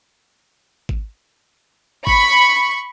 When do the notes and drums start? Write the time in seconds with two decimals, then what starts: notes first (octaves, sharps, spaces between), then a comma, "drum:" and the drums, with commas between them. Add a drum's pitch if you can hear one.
0.89 drum: kick G#1
2.07 B5 C#6, drum: kick G#1